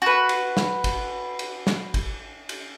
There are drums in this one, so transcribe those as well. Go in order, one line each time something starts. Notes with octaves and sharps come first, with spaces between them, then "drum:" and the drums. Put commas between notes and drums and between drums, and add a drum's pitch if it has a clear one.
F#4 B4
drum: cymbal
drum: snare
drum: kick, cymbal
drum: cymbal
drum: snare
drum: kick, cymbal
drum: cymbal